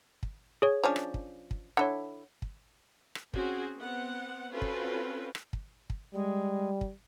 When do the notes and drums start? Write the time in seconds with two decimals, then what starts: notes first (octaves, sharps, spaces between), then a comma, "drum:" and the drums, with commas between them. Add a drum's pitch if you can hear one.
0.23 drum: kick
0.62 G#4 C#5
0.84 F3 C#4 D4
0.96 drum: rim click
1.14 drum: kick
1.51 drum: kick
1.77 D3 E4 C#5 F#5
2.42 drum: kick
3.15 drum: rim click
3.34 C4 C#4 F#4 G#4, drum: kick
3.78 B3 C4 F#5
4.52 C4 C#4 F4 F#4 A4 B4
4.62 drum: kick
5.35 drum: rim click
5.53 drum: kick
5.90 drum: kick
6.14 G3 G#3
6.81 drum: kick